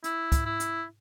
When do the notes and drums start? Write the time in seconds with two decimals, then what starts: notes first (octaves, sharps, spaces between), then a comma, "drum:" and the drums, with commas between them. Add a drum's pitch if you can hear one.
0.04 E4, drum: hi-hat
0.32 drum: kick, hi-hat
0.46 E4
0.60 drum: hi-hat